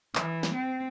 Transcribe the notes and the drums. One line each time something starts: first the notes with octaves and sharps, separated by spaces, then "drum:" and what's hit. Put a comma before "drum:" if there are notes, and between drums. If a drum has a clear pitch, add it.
E3, drum: clap
drum: snare
C4